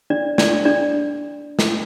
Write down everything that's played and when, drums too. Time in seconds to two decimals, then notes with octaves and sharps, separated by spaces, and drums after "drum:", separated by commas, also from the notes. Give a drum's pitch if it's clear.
0.10 D4 D5
0.38 D4 D5, drum: snare
0.65 D4 D5
1.59 drum: snare